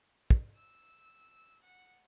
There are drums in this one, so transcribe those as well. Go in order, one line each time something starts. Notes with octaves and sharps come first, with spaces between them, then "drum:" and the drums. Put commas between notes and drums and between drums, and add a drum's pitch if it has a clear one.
drum: kick
E6
F#5